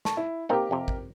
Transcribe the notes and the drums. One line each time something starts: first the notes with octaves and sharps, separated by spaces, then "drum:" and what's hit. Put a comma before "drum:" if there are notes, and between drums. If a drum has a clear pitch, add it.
A5 C#6, drum: snare
E4
A#3 C4 D#4 G4 A#4
F2 C3
drum: kick